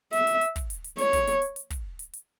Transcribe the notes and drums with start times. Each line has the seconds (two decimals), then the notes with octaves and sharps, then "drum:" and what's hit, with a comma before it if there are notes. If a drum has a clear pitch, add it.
0.13 E5, drum: hi-hat
0.27 drum: hi-hat
0.41 drum: hi-hat
0.56 drum: kick, hi-hat
0.70 drum: hi-hat
0.84 drum: hi-hat
0.98 C#5, drum: hi-hat
1.13 drum: kick, hi-hat
1.27 drum: hi-hat
1.42 drum: hi-hat
1.56 drum: hi-hat
1.70 drum: kick, hi-hat
1.99 drum: hi-hat
2.13 drum: hi-hat